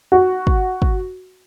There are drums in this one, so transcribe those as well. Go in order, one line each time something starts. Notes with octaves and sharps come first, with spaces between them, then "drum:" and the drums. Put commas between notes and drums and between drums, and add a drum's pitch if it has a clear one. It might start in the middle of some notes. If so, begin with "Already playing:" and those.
F#4
drum: kick
drum: kick